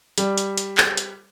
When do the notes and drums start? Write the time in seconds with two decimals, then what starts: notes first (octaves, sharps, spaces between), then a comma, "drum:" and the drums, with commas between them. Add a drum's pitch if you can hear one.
0.18 G3, drum: hi-hat
0.38 drum: hi-hat
0.57 drum: hi-hat
0.77 drum: clap
0.97 drum: hi-hat